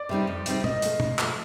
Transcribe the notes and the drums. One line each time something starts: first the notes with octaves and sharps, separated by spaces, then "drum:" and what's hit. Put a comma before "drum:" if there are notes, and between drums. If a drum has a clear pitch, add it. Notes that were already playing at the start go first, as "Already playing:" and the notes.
Already playing: D5
C3 G3 C4 D#4
F2
C3 G3 C4 D#4, drum: hi-hat
A#2 D#5, drum: tom
F3 A3, drum: hi-hat
A#2, drum: tom
F3 A3, drum: clap